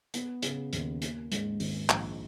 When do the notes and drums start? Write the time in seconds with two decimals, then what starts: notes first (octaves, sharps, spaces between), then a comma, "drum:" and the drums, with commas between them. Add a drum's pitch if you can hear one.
0.14 B3, drum: hi-hat
0.42 C#3, drum: hi-hat
0.73 D#2, drum: hi-hat
1.02 A#3, drum: hi-hat
1.32 G#2, drum: hi-hat
1.60 G#1, drum: open hi-hat
1.89 A#1, drum: clap